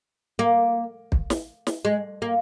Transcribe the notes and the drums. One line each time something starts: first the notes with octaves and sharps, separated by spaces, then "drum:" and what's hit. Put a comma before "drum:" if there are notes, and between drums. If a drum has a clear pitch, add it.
A#3
drum: kick
drum: snare
drum: snare
G#3
A#3